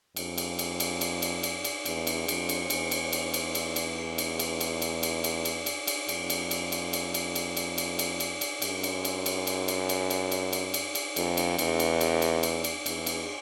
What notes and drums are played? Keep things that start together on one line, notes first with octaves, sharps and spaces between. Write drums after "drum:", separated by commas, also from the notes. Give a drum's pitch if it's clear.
F2, drum: cymbal
drum: cymbal
drum: cymbal
drum: cymbal
drum: cymbal
drum: cymbal
drum: cymbal
drum: cymbal
E2, drum: cymbal
drum: cymbal
F2, drum: cymbal
drum: cymbal
E2, drum: cymbal
drum: cymbal
drum: cymbal
drum: cymbal
drum: cymbal
drum: cymbal
drum: cymbal
drum: cymbal
drum: cymbal
drum: cymbal
drum: cymbal
drum: cymbal
drum: cymbal
drum: cymbal
drum: cymbal
F2, drum: cymbal
drum: cymbal
drum: cymbal
drum: cymbal
drum: cymbal
drum: cymbal
drum: cymbal
drum: cymbal
drum: cymbal
drum: cymbal
drum: cymbal
drum: cymbal
F#2, drum: cymbal
drum: cymbal
drum: cymbal
drum: cymbal
drum: cymbal
drum: cymbal
drum: cymbal
drum: cymbal
drum: cymbal
drum: cymbal
drum: cymbal
drum: cymbal
F2, drum: cymbal
drum: cymbal
E2, drum: cymbal
drum: cymbal
drum: cymbal
drum: cymbal
drum: cymbal
drum: cymbal
E2, drum: cymbal
drum: cymbal